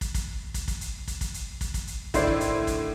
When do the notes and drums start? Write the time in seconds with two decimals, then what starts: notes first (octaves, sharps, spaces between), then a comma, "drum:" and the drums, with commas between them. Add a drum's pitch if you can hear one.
0.01 drum: kick, hi-hat
0.14 drum: kick, hi-hat
0.54 drum: kick, hi-hat
0.68 drum: kick, hi-hat
0.81 drum: hi-hat
1.08 drum: kick, hi-hat
1.21 drum: kick, hi-hat
1.34 drum: hi-hat
1.61 drum: kick, hi-hat
1.74 drum: kick, hi-hat
1.87 drum: hi-hat
2.14 A2 D3 D#3 E4 C5 D5, drum: kick, hi-hat
2.27 drum: kick
2.41 drum: hi-hat
2.67 drum: kick, hi-hat